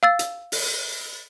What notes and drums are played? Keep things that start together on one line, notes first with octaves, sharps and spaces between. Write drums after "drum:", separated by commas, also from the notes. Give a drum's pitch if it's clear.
F5 E6 A6
drum: hi-hat
drum: open hi-hat